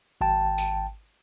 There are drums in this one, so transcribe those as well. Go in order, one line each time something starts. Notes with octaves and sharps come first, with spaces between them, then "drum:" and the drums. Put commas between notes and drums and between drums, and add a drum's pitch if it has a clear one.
G#1 G5 A5
drum: tambourine